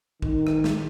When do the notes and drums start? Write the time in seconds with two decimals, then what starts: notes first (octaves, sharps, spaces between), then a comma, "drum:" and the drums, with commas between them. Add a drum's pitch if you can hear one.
0.22 D#3, drum: kick
0.47 drum: rim click
0.64 drum: snare